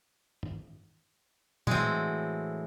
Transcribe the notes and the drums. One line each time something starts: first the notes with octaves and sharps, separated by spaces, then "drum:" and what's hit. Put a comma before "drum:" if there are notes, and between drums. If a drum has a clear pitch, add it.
drum: tom
A2 E3 F#3 G#3 C4, drum: tom A#2